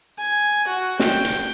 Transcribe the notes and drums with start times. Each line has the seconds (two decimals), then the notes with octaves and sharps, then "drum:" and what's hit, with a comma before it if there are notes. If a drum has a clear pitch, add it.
0.18 G#5
0.67 F#4
1.00 G5, drum: snare
1.25 drum: hi-hat